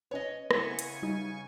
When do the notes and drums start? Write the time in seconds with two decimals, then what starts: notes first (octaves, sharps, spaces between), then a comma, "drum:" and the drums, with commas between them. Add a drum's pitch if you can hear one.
0.11 C#4 B4 C#5 D#5
0.51 C#3 B3 E4 G#5 C#6, drum: rim click
0.79 drum: hi-hat
1.03 G3 D#4